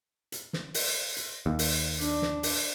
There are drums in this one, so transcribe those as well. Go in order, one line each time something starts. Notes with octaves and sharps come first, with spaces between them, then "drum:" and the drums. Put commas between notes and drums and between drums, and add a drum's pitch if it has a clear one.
drum: hi-hat
drum: snare
drum: open hi-hat
drum: hi-hat
D#2
drum: open hi-hat
D4, drum: hi-hat
drum: snare
drum: open hi-hat